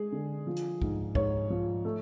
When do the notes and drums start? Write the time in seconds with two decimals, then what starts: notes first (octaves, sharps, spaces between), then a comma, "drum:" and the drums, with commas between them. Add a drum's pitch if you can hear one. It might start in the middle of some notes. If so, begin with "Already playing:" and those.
Already playing: G#3 G#4
0.12 D3
0.47 F3
0.57 drum: hi-hat
0.82 G#2, drum: kick
1.15 G#2 C#5, drum: kick
1.50 F3
1.85 A3